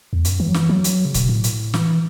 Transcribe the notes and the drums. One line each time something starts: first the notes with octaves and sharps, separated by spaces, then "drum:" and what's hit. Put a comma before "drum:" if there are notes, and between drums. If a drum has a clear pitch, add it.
E2
F#2, drum: hi-hat
E3
F#3
E3, drum: snare
F#3
drum: hi-hat
C#3
B2, drum: kick C#1, hi-hat
A2
drum: hi-hat
E3, drum: snare